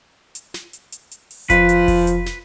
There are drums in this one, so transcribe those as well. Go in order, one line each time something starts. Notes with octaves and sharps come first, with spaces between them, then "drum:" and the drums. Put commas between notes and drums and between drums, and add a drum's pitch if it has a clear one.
drum: hi-hat
drum: snare
drum: hi-hat
drum: hi-hat
drum: hi-hat
drum: open hi-hat
F3 B4, drum: kick F1, hi-hat
drum: hi-hat
drum: kick F1, open hi-hat
drum: hi-hat
drum: snare